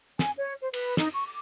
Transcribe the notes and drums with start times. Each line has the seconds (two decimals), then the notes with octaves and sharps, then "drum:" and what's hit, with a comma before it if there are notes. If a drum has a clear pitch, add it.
0.19 G#5, drum: snare
0.38 C#5
0.61 C5
0.74 B4, drum: cymbal
0.97 D#4, drum: snare
1.13 C#6
1.27 D6